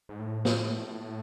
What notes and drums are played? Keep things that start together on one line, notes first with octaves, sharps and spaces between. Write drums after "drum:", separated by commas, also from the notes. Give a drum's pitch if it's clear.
G#2
A2
drum: snare